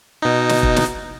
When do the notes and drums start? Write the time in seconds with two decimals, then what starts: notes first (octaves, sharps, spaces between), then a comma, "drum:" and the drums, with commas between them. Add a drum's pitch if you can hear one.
0.22 B2 D#4
0.49 drum: snare
0.63 drum: kick
0.76 drum: snare